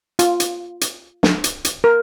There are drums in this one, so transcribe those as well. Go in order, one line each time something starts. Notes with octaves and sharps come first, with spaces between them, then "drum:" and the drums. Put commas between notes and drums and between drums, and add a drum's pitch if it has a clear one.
F4, drum: hi-hat
drum: hi-hat
drum: hi-hat
drum: snare
drum: hi-hat
drum: hi-hat
A#4